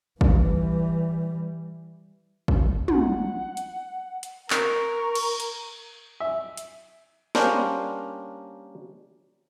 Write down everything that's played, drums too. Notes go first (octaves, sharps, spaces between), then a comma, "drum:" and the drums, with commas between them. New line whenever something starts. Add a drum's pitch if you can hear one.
E3 G3, drum: kick
drum: kick
F#5, drum: tom
drum: hi-hat
drum: hi-hat
A#4 C#6, drum: clap
drum: cymbal
drum: hi-hat
E5
drum: hi-hat
G3 A#3 C#4 D4 A#4 C5, drum: snare